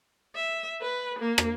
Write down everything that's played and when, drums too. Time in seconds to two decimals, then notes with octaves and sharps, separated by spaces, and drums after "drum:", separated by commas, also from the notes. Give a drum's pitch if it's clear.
0.35 E5
0.81 B4
1.20 A#3
1.38 drum: rim click